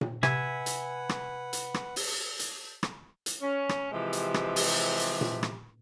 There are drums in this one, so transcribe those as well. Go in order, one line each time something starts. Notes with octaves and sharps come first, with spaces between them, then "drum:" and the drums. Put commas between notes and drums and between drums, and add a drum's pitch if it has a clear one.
drum: tom A#2
C3 B4 E5 F#5 G#5, drum: rim click
drum: hi-hat
drum: rim click
drum: hi-hat
drum: rim click
drum: open hi-hat
drum: hi-hat
drum: rim click
drum: hi-hat
C#4
drum: rim click
C3 E3 F3 G#3 G4
drum: hi-hat
drum: rim click
drum: open hi-hat
drum: hi-hat
drum: tom A#2
drum: rim click